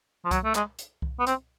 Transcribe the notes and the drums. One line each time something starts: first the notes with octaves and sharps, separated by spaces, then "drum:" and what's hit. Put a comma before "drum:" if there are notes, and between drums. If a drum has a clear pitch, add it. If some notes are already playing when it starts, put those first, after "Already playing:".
F3
F#3, drum: kick C2, hi-hat
A3
G#3, drum: clap
drum: hi-hat
drum: kick C2
B3
C4, drum: hi-hat